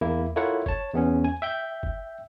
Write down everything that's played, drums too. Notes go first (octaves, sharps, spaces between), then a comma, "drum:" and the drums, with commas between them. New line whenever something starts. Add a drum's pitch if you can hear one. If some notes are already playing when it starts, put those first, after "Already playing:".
E2 A#3 E4
E4 F4 A4 A#4 C#5 F#5
C#5 A5, drum: kick G1
E2 B3 C#4
G#5
E5 G5 G6
drum: kick G1